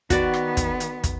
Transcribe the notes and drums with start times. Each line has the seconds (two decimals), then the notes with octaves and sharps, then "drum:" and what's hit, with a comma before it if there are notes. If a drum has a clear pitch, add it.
0.10 D#3 B3 F#4 D5, drum: kick, hi-hat
0.34 drum: rim click
0.57 drum: kick, hi-hat
0.80 drum: hi-hat
1.04 drum: kick, hi-hat